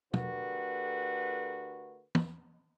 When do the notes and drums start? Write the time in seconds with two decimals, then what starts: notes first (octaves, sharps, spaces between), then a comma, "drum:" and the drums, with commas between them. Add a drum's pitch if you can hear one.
0.14 D3 A3 F#4 G4 A#4 B4, drum: tom
2.15 drum: tom